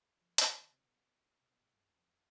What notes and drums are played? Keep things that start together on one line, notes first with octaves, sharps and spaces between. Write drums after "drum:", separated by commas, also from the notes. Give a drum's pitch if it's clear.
F3
F3, drum: hi-hat
D#3
C3
B2
C3
B2
G#2
G2
F2